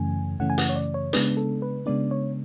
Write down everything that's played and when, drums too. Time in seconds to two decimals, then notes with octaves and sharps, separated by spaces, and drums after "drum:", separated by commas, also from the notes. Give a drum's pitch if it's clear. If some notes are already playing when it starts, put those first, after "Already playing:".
Already playing: F#2 C#3 E3 A3 C#4 G#5
0.39 F#2 C#3 E3 A3 C#4 F#5
0.50 G#5
0.58 F#5, drum: hi-hat
0.69 C#5
0.76 D5
0.94 C#5
1.13 C#3 G#3 B3 D4 B4, drum: hi-hat
1.37 A4
1.62 B4
1.86 C#3 G#3 B3 D4 D5
2.11 C#5